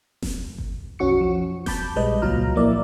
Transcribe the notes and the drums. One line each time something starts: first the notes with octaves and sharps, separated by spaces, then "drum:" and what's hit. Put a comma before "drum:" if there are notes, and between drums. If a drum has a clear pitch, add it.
drum: snare F1
drum: kick G1
B1 F2 C#4 F#4 C#6 C#7
F3
A5 B5 D6 G6, drum: snare F1
A#1 G3 G#3 B4 D#5 G6
C#2 A#2 F#3 F4 A#5 F6
F3 A#3 E4 D5 E5